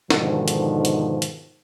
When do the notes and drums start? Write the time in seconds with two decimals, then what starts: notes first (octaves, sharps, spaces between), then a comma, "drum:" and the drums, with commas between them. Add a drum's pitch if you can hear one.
0.10 G#2 B2 D3 D#3 F3, drum: snare
0.48 drum: hi-hat
0.85 drum: hi-hat
1.22 drum: hi-hat